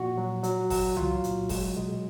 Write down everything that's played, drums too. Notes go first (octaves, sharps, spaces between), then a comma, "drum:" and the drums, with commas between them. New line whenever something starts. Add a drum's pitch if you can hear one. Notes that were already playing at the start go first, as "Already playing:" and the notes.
Already playing: A#2 F3 F#4
F#3
F#3, drum: hi-hat
F#3, drum: kick G1, open hi-hat
F#3 F4, drum: tom C2
A#2, drum: hi-hat
F#3 G#3, drum: kick G1, open hi-hat
B2 G#3